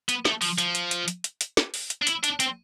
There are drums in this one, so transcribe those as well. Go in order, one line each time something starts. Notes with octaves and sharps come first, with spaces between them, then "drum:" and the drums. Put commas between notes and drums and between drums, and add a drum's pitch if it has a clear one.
B3, drum: hi-hat
A3, drum: snare
F3, drum: open hi-hat
F3, drum: hi-hat
drum: hi-hat
drum: hi-hat
drum: hi-hat
drum: hi-hat
drum: hi-hat
drum: snare
drum: open hi-hat
drum: hi-hat
D4
E4, drum: hi-hat
D4, drum: hi-hat
C4, drum: hi-hat